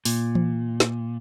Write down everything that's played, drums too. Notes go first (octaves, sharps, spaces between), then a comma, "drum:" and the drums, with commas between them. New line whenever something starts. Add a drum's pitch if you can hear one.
A#2, drum: open hi-hat
drum: tom E3
drum: snare